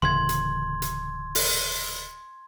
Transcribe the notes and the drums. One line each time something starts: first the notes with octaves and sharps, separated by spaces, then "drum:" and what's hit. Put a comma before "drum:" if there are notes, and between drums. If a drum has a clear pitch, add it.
D1 C#3 E3 C6 G#6
drum: hi-hat
drum: hi-hat
drum: open hi-hat